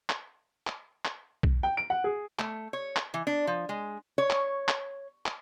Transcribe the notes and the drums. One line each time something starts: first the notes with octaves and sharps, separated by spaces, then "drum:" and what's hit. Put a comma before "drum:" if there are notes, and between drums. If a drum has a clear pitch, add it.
drum: clap
drum: clap
drum: clap
drum: kick B1
G5
D7
F#5
G#4
A3, drum: clap
C#5
drum: clap
E3
D4
F3
G#3
C#5
drum: clap
drum: clap
drum: clap